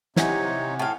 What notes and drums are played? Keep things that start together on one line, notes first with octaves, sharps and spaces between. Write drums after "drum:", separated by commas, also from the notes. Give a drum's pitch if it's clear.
C3 D#4 E4 C#5 F#5 G#5, drum: snare
A2 F5